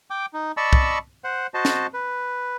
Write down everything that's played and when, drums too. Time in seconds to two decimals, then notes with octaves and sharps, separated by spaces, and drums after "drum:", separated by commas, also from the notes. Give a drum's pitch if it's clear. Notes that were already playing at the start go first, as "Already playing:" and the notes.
0.10 G5 D6
0.34 D#4
0.57 D5 D#5 A5 B5 C#6 E6
0.73 drum: kick
1.24 C5 F#5
1.54 F#4 C5 D#5 A5
1.65 drum: snare
1.94 B4